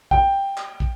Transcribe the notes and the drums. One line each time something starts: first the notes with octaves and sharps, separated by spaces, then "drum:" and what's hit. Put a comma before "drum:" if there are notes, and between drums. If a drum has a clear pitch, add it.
G5, drum: kick
drum: clap
drum: kick